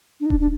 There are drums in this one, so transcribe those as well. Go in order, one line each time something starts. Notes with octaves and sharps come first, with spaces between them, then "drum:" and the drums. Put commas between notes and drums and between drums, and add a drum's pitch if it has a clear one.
D4
D#4
D4, drum: kick D#1
D4